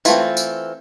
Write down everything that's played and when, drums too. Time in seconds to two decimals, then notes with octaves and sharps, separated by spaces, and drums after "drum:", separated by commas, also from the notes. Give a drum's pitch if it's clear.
0.05 E3 A3 C4 F4, drum: tambourine
0.37 drum: tambourine